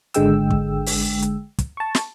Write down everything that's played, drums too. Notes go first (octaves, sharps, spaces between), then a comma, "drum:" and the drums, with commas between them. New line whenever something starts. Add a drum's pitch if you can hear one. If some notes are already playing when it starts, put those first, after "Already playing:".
G#1 D3 G#3 G5 E6, drum: hi-hat
drum: kick
drum: open hi-hat
drum: hi-hat
drum: kick, hi-hat
A5 C#6
drum: snare